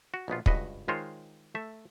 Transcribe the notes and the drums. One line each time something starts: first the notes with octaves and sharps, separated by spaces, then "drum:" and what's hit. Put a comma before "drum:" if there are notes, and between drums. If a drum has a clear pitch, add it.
F#4
A#1 B2 B3 F4
C#2 G2 F#4 B4 D#5, drum: kick
D#3 G#3 F4 C5 C#5
A3 E5